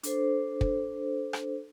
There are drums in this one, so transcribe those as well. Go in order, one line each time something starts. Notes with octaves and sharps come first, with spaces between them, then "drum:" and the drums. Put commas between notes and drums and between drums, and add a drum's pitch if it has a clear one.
D4 A4 C5, drum: hi-hat
drum: kick
drum: rim click